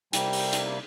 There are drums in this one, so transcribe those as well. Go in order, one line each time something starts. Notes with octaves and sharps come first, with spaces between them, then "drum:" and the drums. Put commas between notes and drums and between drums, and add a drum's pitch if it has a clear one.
C3 G3 A#3 G5, drum: hi-hat
drum: open hi-hat
drum: hi-hat